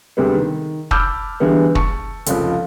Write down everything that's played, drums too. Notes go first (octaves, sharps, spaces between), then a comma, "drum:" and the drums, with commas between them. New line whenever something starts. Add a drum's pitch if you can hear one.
D2 C3 G3 G#3 B3
D#3
A5 B5 D6 E6 F6 G6, drum: kick
D3 E3 G3 G#3 B3
A5 C#6, drum: kick
F1 C#2 F3, drum: hi-hat